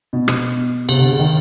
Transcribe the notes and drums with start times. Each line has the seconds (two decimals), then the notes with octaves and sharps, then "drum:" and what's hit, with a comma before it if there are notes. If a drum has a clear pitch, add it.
0.13 B2
0.28 B2, drum: rim click
0.89 C3, drum: cymbal
0.99 D3
1.09 C#3
1.19 D#3